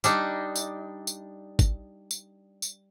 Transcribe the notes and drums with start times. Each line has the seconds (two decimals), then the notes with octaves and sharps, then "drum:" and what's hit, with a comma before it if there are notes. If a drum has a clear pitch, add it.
0.04 G3 D4 D#4, drum: tambourine
0.56 drum: tambourine
1.07 drum: tambourine
1.59 drum: kick, tambourine
2.11 drum: tambourine
2.62 drum: tambourine